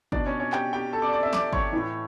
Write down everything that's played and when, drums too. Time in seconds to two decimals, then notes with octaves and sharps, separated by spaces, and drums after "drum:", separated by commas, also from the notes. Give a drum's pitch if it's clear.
0.12 B2 D4 D5, drum: kick G1
0.26 C#4 C#5
0.40 C#4 C#5
0.52 G4 G5, drum: clap
0.73 G4 G5
0.93 A4 A5
1.02 D5 D6
1.13 D5 D6
1.23 E5 E6
1.33 D5 D6, drum: snare
1.53 C#5 C#6, drum: kick G1
1.73 A2 E3